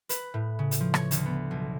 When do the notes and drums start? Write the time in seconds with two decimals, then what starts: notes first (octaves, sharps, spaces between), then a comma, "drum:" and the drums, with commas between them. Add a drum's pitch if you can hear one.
0.09 B4, drum: hi-hat
0.34 A2
0.59 C#3
0.71 drum: hi-hat
0.80 F3
0.94 C#5, drum: rim click
1.11 D2, drum: hi-hat
1.26 B3
1.51 B1